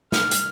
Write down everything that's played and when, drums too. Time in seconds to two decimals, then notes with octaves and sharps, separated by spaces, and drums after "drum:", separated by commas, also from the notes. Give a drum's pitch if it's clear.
0.12 F6, drum: snare
0.31 drum: hi-hat